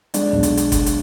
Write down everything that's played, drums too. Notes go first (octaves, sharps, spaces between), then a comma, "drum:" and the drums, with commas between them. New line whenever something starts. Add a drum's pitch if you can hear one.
G#3 D4, drum: hi-hat
B1
drum: hi-hat
drum: hi-hat
drum: kick F#1, hi-hat
drum: hi-hat